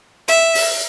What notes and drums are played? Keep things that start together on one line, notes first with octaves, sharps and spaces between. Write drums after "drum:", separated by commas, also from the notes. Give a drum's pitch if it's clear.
E5, drum: hi-hat
drum: open hi-hat